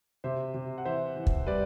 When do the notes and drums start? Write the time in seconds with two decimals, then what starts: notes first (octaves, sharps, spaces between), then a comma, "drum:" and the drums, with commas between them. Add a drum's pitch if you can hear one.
0.24 C3 C5 E5
0.54 C3
0.78 F#5
0.85 E3 C5 E5
1.16 E3
1.27 drum: kick
1.47 G3 B4 D5